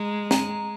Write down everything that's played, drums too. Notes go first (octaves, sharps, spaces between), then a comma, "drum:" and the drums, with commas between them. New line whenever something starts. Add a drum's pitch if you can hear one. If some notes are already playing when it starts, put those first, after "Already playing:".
Already playing: G#3 A#5
A#5, drum: snare